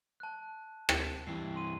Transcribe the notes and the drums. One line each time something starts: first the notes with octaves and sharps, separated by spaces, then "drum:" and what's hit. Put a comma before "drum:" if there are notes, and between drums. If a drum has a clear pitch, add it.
A5 F#6
drum: rim click
G2 E3 C7
C6 D#7